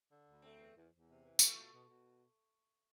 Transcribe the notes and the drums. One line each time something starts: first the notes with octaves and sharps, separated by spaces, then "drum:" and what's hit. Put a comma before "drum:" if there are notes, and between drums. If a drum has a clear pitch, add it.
D3
D2
A3 C4
E2
E2
E2
C3
E3
A3 F4, drum: tambourine
B2
B2
B2